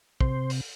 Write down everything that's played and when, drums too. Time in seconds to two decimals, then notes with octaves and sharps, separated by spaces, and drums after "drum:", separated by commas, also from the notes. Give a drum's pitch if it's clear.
0.21 C3 C5, drum: kick
0.50 drum: open hi-hat